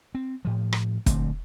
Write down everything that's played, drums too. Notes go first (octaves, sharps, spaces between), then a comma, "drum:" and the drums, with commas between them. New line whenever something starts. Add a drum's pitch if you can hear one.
C4
A2 F3
drum: rim click
A#1 D3 A3 C4, drum: kick, hi-hat